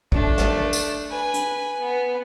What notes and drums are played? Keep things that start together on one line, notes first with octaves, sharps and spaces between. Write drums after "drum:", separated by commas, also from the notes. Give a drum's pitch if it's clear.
A3 D4, drum: kick
drum: snare
drum: tambourine
B4 G#5
drum: hi-hat
B3